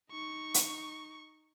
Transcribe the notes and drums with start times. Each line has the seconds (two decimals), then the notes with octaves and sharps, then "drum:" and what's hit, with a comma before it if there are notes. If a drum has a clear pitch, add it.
0.11 D#4 C#6
0.54 drum: hi-hat